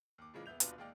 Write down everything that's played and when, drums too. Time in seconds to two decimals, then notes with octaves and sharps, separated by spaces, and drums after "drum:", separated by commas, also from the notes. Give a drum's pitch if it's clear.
0.18 D#2 D6
0.33 A#2 C#3 E3 F3 G#3 A#3
0.46 E1 B3 E5 G6 F7
0.60 D#1 B2 D4 F4 B4 C6, drum: hi-hat
0.78 D#2 G#3 A#3 D5 G5 F6